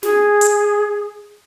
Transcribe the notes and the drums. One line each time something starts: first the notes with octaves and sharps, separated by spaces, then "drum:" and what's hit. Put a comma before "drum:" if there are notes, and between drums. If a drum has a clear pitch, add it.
G#4, drum: snare
drum: hi-hat